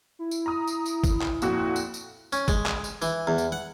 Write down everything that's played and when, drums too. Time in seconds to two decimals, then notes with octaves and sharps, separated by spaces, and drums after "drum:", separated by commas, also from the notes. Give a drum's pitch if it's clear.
0.19 E4
0.31 drum: tambourine
0.46 A#5 D#6
0.67 drum: tambourine
0.86 drum: tambourine
1.04 drum: kick, tambourine
1.22 drum: clap
1.42 F2 A#2 F#4, drum: tambourine
1.76 drum: tambourine
1.94 drum: tambourine
2.33 C#4, drum: tambourine
2.48 G#3, drum: kick, tambourine
2.66 drum: clap
2.84 drum: tambourine
3.02 E3, drum: tambourine
3.27 E2
3.38 drum: tambourine
3.52 F#5